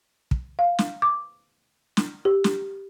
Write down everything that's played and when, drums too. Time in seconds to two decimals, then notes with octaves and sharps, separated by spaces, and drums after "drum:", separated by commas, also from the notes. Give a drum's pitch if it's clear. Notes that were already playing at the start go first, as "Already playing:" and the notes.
0.31 drum: kick
0.59 F5
0.79 drum: snare
1.02 D6
1.97 drum: snare
2.25 G4
2.44 drum: snare